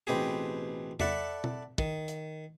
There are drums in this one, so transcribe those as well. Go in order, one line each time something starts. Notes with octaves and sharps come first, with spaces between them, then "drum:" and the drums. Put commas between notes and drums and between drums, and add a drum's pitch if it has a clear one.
A1 B2 C4 G4 G#4
A4 D5 E5 F#5 A5 B5, drum: tom E2
drum: tom B2
D#3, drum: kick
drum: hi-hat